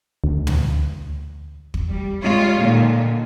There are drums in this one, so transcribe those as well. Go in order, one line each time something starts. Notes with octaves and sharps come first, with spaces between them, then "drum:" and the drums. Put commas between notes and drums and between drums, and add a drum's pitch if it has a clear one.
D2
drum: tom
drum: kick
G3
G3 G#3 F4 C#5
A#2 D3 D#3